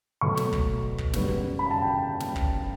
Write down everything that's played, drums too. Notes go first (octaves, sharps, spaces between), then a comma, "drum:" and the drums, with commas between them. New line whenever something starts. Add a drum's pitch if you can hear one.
B2 F#3 A3 C#6
drum: snare
drum: kick
drum: kick
F#2 C#3 G3 B3, drum: snare
B5
A5
G5
drum: snare
drum: kick